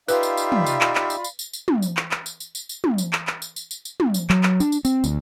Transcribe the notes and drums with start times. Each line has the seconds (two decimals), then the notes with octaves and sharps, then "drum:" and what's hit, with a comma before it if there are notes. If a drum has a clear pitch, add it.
0.08 D#4 F4 G4 B4 D5 E5 F5 B5, drum: tambourine
0.23 drum: tambourine
0.37 drum: tambourine
0.52 drum: tom
0.66 drum: tambourine
0.81 drum: clap
0.95 drum: clap
1.10 drum: tambourine
1.24 drum: tambourine
1.39 drum: tambourine
1.53 drum: tambourine
1.68 drum: tom
1.82 drum: tambourine
1.97 drum: clap
2.11 drum: clap
2.26 drum: tambourine
2.40 drum: tambourine
2.55 drum: tambourine
2.69 drum: tambourine
2.84 drum: tom
2.98 drum: tambourine
3.13 drum: clap
3.27 drum: clap
3.42 drum: tambourine
3.56 drum: tambourine
3.71 drum: tambourine
3.85 drum: tambourine
4.00 drum: tom
4.14 drum: tambourine
4.30 F#3, drum: clap
4.43 drum: clap
4.60 D4, drum: tambourine
4.72 drum: tambourine
4.85 C4, drum: tambourine
5.04 D2, drum: tambourine